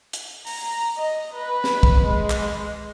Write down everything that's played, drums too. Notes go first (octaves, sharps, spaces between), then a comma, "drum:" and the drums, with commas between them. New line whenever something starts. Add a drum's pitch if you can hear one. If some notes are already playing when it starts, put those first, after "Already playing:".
drum: hi-hat
A#5, drum: open hi-hat
D#5
B4
drum: snare
drum: kick
G#3
drum: clap